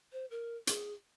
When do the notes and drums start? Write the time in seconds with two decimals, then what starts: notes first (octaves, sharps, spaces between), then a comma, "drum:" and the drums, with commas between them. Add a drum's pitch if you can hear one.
0.13 C5
0.31 A#4
0.67 G#4, drum: hi-hat